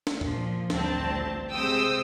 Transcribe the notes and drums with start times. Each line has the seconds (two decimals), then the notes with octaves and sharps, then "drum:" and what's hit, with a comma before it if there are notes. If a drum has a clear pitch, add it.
0.07 drum: snare D4
0.21 A#2 F3, drum: tom E2
0.70 A1 D2 G2 C4 A5, drum: snare D4
1.54 C3 G#3 C5 G5 D#6 E6